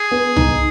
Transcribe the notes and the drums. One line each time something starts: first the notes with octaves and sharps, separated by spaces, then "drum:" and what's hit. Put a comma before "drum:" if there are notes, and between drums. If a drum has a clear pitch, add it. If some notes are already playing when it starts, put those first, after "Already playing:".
Already playing: G#4
B3
D#4, drum: tom